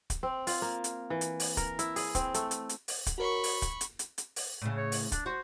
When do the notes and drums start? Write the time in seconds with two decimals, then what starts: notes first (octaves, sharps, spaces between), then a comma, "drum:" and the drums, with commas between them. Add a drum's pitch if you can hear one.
0.10 drum: kick, hi-hat
0.23 C4
0.47 F4, drum: open hi-hat
0.62 A#3
0.84 drum: hi-hat
1.10 E3
1.21 drum: hi-hat
1.40 drum: open hi-hat
1.57 A#4, drum: kick, hi-hat
1.79 E4, drum: hi-hat
1.96 G#4, drum: open hi-hat
2.15 C4, drum: kick, hi-hat
2.34 A3, drum: hi-hat
2.51 drum: hi-hat
2.69 drum: hi-hat
2.88 drum: open hi-hat
3.06 drum: kick, hi-hat
3.18 F#4 A#4 C#5 B5 C#6
3.44 drum: open hi-hat
3.62 drum: kick, hi-hat
3.81 drum: hi-hat
3.99 drum: hi-hat
4.18 drum: hi-hat
4.36 drum: open hi-hat
4.62 A2 C#3
4.78 C#5
4.92 drum: open hi-hat
5.12 D4, drum: kick, hi-hat
5.26 F#4 C5